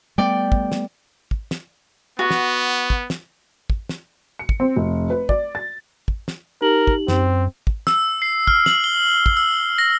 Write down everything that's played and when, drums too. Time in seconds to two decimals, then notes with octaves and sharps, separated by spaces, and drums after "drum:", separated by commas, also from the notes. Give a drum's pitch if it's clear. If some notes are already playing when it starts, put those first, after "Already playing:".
0.18 G3 A3 B3 D5 G5
0.52 drum: kick
0.72 drum: snare
1.31 drum: kick
1.51 drum: snare
2.19 B3 F#4
2.31 drum: snare
2.90 drum: kick
3.10 drum: snare
3.70 drum: kick
3.89 drum: snare
4.39 C#7
4.49 drum: kick
4.60 C4
4.76 F1
5.10 B4
5.29 D5, drum: kick
5.55 A6
6.08 drum: kick
6.28 drum: snare
6.62 D#4 G4 A#4 F#7
6.87 drum: kick
7.08 F#2 C4, drum: snare
7.67 drum: kick
7.87 E6, drum: snare
8.22 C7
8.47 F6, drum: kick
8.66 F#7, drum: snare
8.84 G7
9.26 drum: kick
9.37 E6
9.78 A#6